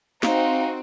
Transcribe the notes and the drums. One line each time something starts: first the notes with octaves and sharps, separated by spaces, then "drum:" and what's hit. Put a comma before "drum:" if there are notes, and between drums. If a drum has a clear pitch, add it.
C4 D#4 F#4 F5, drum: snare